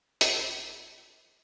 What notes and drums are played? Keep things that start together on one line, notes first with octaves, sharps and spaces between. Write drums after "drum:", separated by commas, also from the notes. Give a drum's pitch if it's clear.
A1 D3 D#7, drum: hi-hat